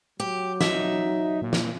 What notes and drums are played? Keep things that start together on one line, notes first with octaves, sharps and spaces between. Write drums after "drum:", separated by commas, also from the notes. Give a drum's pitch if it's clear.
F#3 G4
D#4 E5, drum: snare
A#2
drum: snare